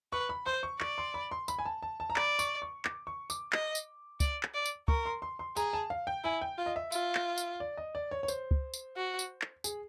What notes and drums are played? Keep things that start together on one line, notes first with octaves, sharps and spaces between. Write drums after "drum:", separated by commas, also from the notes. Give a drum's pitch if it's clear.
B4 C#6
B5
C5 C6
C#6
D5 C#6, drum: clap
C6
B5
C6
B5, drum: tambourine
G#5
A5
A5
A5
A#5
D5 B5, drum: clap
C#6, drum: tambourine
C#6
D6, drum: clap
C#6
D6, drum: tambourine
D#5, drum: clap
drum: tambourine
D5, drum: kick, tambourine
drum: clap
D5
drum: tambourine
A#4 C#6, drum: kick
C6
C6
C6
G#4 A#5, drum: tambourine
A5
F5
G5
E4 G#5
G5
F4
D#5
E5
F4, drum: tambourine
drum: clap
drum: tambourine
D5
D#5
D5
C#5
C#5
C5, drum: tambourine
drum: kick
drum: tambourine
F#4
drum: tambourine
drum: clap
G#4, drum: tambourine